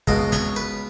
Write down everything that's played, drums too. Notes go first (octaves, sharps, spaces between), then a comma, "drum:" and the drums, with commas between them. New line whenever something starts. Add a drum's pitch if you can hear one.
C#2 B2 D#5, drum: kick
C#5, drum: snare
B4